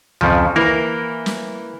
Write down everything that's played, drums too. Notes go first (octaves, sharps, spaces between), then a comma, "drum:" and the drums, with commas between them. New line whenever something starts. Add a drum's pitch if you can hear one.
F2 C#3 F3, drum: tom C#2
E3 A#3 A#4
drum: snare